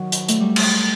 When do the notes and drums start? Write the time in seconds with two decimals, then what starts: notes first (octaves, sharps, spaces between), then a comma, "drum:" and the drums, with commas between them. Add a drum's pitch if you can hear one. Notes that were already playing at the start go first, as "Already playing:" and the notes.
Already playing: D#3 F#3
0.12 drum: hi-hat
0.29 A3, drum: hi-hat
0.40 G3
0.56 drum: cymbal